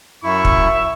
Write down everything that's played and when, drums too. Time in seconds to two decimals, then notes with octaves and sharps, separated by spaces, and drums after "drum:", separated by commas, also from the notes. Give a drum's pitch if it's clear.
0.24 F#2 E4 E5 C#6
0.45 drum: kick